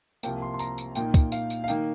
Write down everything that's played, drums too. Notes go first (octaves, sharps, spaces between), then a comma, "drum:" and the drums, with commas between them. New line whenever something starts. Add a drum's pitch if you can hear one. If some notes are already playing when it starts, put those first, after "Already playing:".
C2 C3 F3 A#3 G5, drum: tambourine
C6
C6
A#5, drum: tambourine
drum: tambourine
A#2 A#3 D#4 G5, drum: tambourine
drum: kick, tambourine
F5, drum: tambourine
drum: tambourine
F5
D#3 A#3 D#4 G5, drum: tambourine